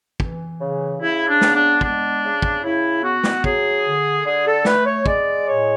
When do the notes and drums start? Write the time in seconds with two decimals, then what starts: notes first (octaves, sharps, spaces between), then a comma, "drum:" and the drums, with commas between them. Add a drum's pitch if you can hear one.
0.20 E3, drum: kick
0.60 C#3
1.01 C#3 E4
1.27 D4
1.41 B3, drum: snare
1.54 D4
1.81 G#3 D4, drum: kick
2.23 C#3
2.42 drum: kick
2.63 C#3 E4
3.03 B3 F#4
3.23 drum: snare
3.44 F#3 G#4, drum: kick
3.84 D3
4.25 D3 G#4
4.45 A4
4.65 A3 B4, drum: snare
4.85 C#5
5.06 G#3 D5, drum: kick
5.46 A2 C#5